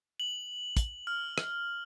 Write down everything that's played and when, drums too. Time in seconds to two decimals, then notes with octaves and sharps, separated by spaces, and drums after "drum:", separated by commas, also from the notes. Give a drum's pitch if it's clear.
0.20 F#7
0.77 drum: kick, hi-hat
1.07 F6
1.38 drum: rim click